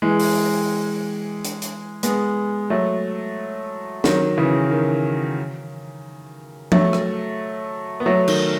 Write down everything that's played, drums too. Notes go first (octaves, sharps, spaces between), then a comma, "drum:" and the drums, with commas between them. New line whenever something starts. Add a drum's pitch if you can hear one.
E3 G#3
drum: open hi-hat
drum: hi-hat
drum: hi-hat
G#3 B3, drum: hi-hat
F#3 A3
D#3 F#3, drum: snare
C#3 E3
D#3
F#3 A3, drum: tom F3
drum: rim click
B3
F#3 A3
D#3, drum: cymbal